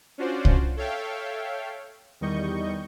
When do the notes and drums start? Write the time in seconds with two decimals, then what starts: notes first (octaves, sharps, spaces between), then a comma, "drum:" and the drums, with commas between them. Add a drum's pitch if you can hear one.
0.18 C#4 D4 F4 F#4 C5 D5
0.45 drum: kick C2
0.76 A4 C#5 E5 F5 G5
2.21 E2 D#3 G3 D#5 C#6 G6